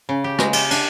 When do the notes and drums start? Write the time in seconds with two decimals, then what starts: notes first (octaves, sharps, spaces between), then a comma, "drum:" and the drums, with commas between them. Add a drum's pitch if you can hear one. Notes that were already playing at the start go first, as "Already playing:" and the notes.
0.09 C#3
0.24 G4
0.39 G#3, drum: rim click
0.53 G4, drum: cymbal
0.71 D4, drum: cymbal